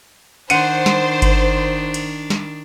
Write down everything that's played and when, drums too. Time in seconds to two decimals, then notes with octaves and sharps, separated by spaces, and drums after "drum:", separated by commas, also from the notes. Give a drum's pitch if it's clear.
0.50 D#3 D4 C5 F#5 C#7 D#7, drum: cymbal
0.86 drum: snare
1.22 drum: kick G1, cymbal
1.94 drum: cymbal
2.30 drum: snare